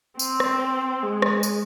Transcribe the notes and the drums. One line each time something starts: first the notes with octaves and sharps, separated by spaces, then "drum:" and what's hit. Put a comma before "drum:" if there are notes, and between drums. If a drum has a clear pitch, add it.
C4, drum: tambourine
drum: rim click
G#3
drum: rim click
drum: tambourine